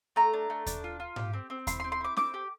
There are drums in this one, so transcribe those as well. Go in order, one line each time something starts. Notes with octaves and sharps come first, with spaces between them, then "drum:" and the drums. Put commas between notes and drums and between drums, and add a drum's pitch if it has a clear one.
A3 A#5
D4
A3
D4, drum: kick D#2, hi-hat
F4
F4
G4, drum: tom G#2
C4
C4
E4 C6, drum: kick D#2, hi-hat
C6
C4
C6
E4 D6
C4 D6, drum: snare
G4